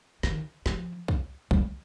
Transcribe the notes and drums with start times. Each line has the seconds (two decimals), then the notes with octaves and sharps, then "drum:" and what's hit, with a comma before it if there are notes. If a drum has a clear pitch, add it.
0.23 D#3, drum: snare
0.66 F3, drum: snare
1.08 drum: kick
1.51 G3, drum: kick